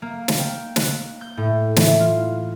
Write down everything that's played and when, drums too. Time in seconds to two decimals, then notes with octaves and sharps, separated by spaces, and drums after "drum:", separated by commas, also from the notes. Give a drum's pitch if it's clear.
0.02 A#3
0.28 drum: snare
0.39 G5
0.76 F#6, drum: snare
1.21 G6
1.37 A2
1.76 E3, drum: snare
2.00 F4